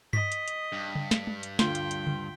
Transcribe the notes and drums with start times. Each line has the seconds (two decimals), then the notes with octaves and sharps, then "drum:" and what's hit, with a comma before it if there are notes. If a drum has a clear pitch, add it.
0.13 D#5 B6, drum: tom G2
0.32 drum: hi-hat
0.48 drum: hi-hat
0.72 G2
0.95 drum: tom C#3
1.11 drum: snare
1.27 drum: tom
1.43 drum: hi-hat
1.59 D2 F4 G5 C6, drum: snare
1.75 drum: hi-hat
1.91 drum: hi-hat
2.07 drum: tom C#3